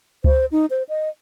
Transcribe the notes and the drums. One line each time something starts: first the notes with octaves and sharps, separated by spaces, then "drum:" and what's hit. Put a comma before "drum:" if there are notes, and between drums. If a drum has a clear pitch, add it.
C5, drum: kick C#2
D#4
C5
D#5